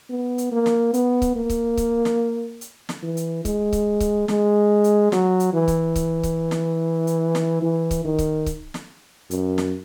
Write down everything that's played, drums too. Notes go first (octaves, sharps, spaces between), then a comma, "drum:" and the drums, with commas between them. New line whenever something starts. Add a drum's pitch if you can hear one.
B3
drum: hi-hat
A#3
drum: snare
B3, drum: hi-hat
drum: kick C#1, hi-hat
A#3
drum: kick C#1, hi-hat
drum: kick C#1, hi-hat
drum: snare
drum: hi-hat
drum: snare
E3
drum: hi-hat
G#3, drum: kick C#1, hi-hat
drum: kick C#1, hi-hat
drum: kick C#1, hi-hat
G#3, drum: snare
drum: hi-hat
F#3, drum: snare
drum: hi-hat
E3
drum: kick C#1, hi-hat
drum: kick C#1, hi-hat
drum: kick C#1, hi-hat
drum: snare
drum: hi-hat
drum: snare
E3
drum: kick C#1, hi-hat
D#3
drum: kick C#1, hi-hat
drum: kick C#1, hi-hat
drum: snare
F#2, drum: hi-hat
drum: snare